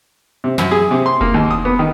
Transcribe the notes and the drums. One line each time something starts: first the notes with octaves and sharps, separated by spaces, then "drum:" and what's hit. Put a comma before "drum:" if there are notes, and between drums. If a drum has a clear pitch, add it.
C3
F#2, drum: snare
G#4
C3
C6
A#3, drum: kick F1
D#2
D#6
B3
D#3